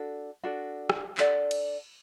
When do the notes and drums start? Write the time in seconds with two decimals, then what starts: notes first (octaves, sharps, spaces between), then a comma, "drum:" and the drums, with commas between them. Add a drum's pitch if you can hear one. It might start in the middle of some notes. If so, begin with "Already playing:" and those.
Already playing: D4 F#4 A4
0.43 D4 F#4 A4
0.90 drum: rim click
1.17 D4 A4 D5 F#5, drum: clap
1.51 drum: cymbal